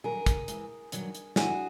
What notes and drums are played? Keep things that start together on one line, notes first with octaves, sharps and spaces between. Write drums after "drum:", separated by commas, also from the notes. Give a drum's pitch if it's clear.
G2 D#3 F#3 G#4 A#4
drum: kick, hi-hat
G#2 E3, drum: hi-hat
G2 D#3 F#3, drum: hi-hat
drum: hi-hat
G2 E3 F#4 G#4, drum: snare